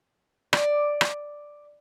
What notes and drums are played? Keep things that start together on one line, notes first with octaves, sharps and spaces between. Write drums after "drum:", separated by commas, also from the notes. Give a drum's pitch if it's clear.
D5, drum: rim click
drum: rim click